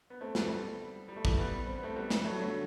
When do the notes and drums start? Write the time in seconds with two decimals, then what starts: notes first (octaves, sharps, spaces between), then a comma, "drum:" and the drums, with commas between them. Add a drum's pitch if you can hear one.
0.10 B3
0.21 A3 C4
0.35 G3 B3, drum: snare
0.43 C4
0.50 G3 B3
1.08 G3
1.16 A3
1.25 E3 G3, drum: kick
1.37 G3 B3
1.67 C4
1.75 B3
1.83 A3 C4
1.96 G3 B3
2.10 drum: snare
2.25 F#3 A3
2.39 D3 F#3